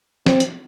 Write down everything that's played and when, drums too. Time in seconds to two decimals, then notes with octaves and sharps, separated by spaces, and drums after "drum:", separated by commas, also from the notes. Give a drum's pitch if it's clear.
0.26 C4, drum: snare
0.40 drum: hi-hat